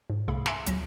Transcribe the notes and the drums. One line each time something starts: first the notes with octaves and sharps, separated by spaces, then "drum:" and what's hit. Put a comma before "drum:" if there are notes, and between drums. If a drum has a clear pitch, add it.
G#2
C2 C3 A3 G#4 F5 B5
E5 G#5 C6 E6 F#6, drum: snare
G1 D2 A#2 F#3 A#6, drum: hi-hat